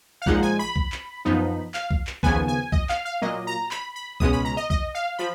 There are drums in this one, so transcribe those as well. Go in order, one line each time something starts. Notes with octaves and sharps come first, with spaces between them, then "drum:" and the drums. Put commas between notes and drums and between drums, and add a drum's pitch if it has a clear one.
F5
A#1 A#2 F3 G#3 D#4 F#5, drum: kick
G#5
B5
drum: kick
drum: clap
F#2 F3 B3 D#4
F5, drum: clap
drum: kick
drum: clap
D#2 C#3 F3 B3 G#5, drum: kick
G#5
D#5, drum: kick
F5, drum: clap
F5
A#2 F#3 A#3 D#5
A#5
B5, drum: clap
B5
C#2 B2 G#3 C#4 D#6, drum: kick
B5
A#5
D#5
D#5, drum: kick
F5
F3 B5